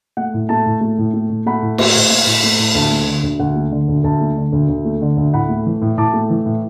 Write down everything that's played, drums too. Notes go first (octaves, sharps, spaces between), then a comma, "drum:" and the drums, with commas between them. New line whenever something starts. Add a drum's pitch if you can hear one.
A3 F#5
A2
A3 A5
A2
A3
A2
A3
A2
A3 F#5 B5
A2
A3, drum: cymbal
A2
A3
A2
A3
A2
D2 A5
A3
D3
D2
D2 F#5
A3
D3
D2
D2 A5
A3
D3
D2
D2
A3
D3
D2
A2 F#5 B5
A3
E3
A2
A2 A5 D6
A3
E3
A2